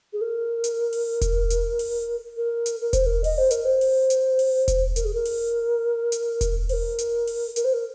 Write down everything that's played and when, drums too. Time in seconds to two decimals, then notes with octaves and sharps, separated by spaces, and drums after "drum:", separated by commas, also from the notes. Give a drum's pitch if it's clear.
0.13 G#4
0.21 A#4
0.64 drum: hi-hat
0.93 drum: open hi-hat
1.21 drum: kick E1, hi-hat
1.50 drum: hi-hat
1.79 drum: open hi-hat
2.37 A#4
2.66 drum: hi-hat
2.81 A#4
2.93 C5, drum: kick E1, hi-hat
3.06 A#4
3.24 D#5, drum: open hi-hat
3.38 C5
3.51 A#4, drum: hi-hat
3.65 C5
3.81 drum: open hi-hat
4.10 drum: hi-hat
4.39 drum: open hi-hat
4.68 drum: kick E1, hi-hat
4.96 A#4, drum: hi-hat
5.05 G#4
5.14 A#4
5.25 drum: open hi-hat
6.12 drum: hi-hat
6.41 drum: kick E1, hi-hat
6.69 C5, drum: open hi-hat
6.73 A#4
6.98 drum: hi-hat
7.27 drum: open hi-hat
7.56 A#4, drum: hi-hat
7.64 C5
7.73 A#4